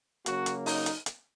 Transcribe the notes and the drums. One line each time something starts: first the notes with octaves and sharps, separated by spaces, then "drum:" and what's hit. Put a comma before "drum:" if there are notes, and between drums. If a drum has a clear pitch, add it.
C#3 F#3 A#3 F#4, drum: hi-hat
drum: hi-hat
D#4, drum: open hi-hat
drum: hi-hat
drum: hi-hat